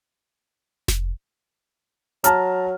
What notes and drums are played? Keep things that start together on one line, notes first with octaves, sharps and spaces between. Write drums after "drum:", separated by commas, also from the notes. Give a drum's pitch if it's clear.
drum: snare F1
F#3 A5 A#5 F6, drum: hi-hat